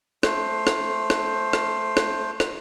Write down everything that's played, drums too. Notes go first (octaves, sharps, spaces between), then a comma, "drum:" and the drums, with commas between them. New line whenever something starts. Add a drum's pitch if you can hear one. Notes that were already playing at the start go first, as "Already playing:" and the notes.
A3 C5, drum: rim click
drum: rim click
drum: rim click
drum: rim click
drum: rim click
drum: rim click